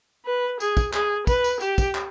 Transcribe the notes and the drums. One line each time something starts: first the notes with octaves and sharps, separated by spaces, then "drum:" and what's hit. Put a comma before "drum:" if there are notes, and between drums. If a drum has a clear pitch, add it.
B4
G#4, drum: tambourine
drum: kick, tambourine
G#4, drum: clap
B4, drum: kick, tambourine
drum: tambourine
G4, drum: tambourine
drum: kick, tambourine
drum: clap